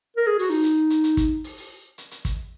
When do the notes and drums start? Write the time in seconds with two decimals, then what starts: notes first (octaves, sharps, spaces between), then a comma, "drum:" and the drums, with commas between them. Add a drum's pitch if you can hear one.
0.17 A#4
0.27 G#4
0.39 F#4, drum: open hi-hat
0.50 D#4, drum: open hi-hat
0.63 drum: hi-hat
0.90 drum: hi-hat
1.04 drum: hi-hat
1.17 drum: kick, hi-hat
1.44 drum: open hi-hat
1.58 drum: open hi-hat
1.98 drum: hi-hat
2.11 drum: hi-hat
2.25 drum: kick, hi-hat